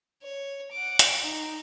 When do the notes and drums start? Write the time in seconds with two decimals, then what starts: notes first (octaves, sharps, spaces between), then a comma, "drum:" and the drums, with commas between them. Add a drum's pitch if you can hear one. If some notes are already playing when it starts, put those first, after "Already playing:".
0.23 C#5
0.72 F#5 D6
0.99 drum: hi-hat
1.21 D#4